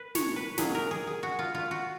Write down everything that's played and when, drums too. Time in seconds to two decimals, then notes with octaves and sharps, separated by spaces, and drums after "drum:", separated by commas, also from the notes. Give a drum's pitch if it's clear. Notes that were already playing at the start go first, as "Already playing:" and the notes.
Already playing: B4
0.15 C#5, drum: snare
0.36 B4
0.58 B2 F#3 A#3 G#4, drum: snare
0.75 A#4
0.91 G#4
1.07 G#4
1.23 F#4
1.39 F4
1.55 F4
1.71 F#4